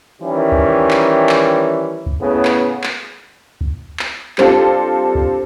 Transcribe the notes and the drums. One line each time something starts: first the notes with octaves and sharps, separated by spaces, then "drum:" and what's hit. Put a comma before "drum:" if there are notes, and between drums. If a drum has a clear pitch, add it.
D#3 E3 G3 C#4
drum: kick
drum: clap
drum: clap
drum: kick
A2 C#3 B3
drum: clap
drum: clap
drum: kick
drum: clap
G3 C4 D4 F4 A4, drum: clap
drum: kick